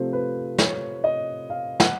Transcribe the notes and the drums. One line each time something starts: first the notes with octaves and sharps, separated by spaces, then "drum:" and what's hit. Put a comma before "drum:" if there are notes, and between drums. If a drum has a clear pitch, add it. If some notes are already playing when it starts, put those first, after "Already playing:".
Already playing: C3 F3 A3 C4 C5
B4
C#5, drum: snare
D#5
F5
F#5, drum: snare